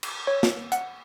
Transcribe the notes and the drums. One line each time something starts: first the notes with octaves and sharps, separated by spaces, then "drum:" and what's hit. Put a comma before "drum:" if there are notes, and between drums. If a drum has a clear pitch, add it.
drum: cymbal
C#5
drum: snare
F#5, drum: hi-hat